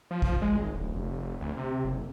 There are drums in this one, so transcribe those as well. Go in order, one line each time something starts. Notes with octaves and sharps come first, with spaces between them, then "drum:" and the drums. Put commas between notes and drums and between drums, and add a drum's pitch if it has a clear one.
F3
drum: kick A1
G#3
G#1
D1
F1
D2
C3
F#1